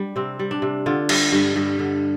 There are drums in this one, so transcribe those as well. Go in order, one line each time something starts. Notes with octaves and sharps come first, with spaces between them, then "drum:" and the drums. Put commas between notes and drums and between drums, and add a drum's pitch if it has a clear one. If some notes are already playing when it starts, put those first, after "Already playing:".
Already playing: G3 D4
C3 C4
G3
D4
C3
D3 F4
G3, drum: cymbal
G2
G2
D3